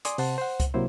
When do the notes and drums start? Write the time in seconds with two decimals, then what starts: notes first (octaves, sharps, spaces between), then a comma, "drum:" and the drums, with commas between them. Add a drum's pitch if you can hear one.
0.05 D5 G#5 C6 D6 D#6, drum: hi-hat
0.18 C3 C5 F#5 A5 C6, drum: open hi-hat
0.38 C5 F#5
0.60 drum: kick C#2, hi-hat
0.74 C3 F#3 A#3 E4 C5